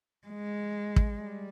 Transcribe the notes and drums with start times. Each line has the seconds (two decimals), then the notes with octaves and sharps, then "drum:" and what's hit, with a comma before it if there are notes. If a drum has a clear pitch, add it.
0.28 G#3
0.96 drum: kick
1.19 G3